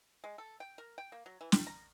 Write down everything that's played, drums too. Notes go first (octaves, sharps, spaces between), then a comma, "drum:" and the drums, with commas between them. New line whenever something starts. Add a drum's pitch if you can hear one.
G#3
A4
G5
A#4
G5
A#3
F#3
E3
G3, drum: snare
A#5